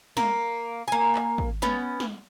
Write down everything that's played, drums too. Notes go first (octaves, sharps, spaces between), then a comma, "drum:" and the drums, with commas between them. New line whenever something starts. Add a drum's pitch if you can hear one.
A#3, drum: snare
A#3 G#5
drum: clap
drum: kick
B3 C#4, drum: snare
drum: snare